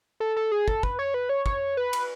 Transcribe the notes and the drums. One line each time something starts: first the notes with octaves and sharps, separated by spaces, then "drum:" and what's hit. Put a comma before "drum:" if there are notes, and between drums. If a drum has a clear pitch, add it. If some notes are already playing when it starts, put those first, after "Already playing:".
A4
A4
G#4
A4, drum: kick
B4, drum: kick
C#5
B4
C#5
C#5, drum: kick
B4
drum: cymbal